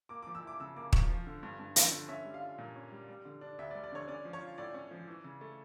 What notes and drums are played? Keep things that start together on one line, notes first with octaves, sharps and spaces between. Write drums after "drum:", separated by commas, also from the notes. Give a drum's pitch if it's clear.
A#3 D6
F3 D6
E6
E4 D6
C#3 E6
A#3 D6
F3 C#6, drum: kick
F3
D3
G2
G2
F3, drum: hi-hat
D3
C#4 E5
G3
F5
F4
A#2
C#4
G3
G3
D3
D4
D2 E5
D5
G3
D5
D3 C#5
C#4 D5
F3
C#5
F4
A2 D5
C#4
F3
E3
C#3
A3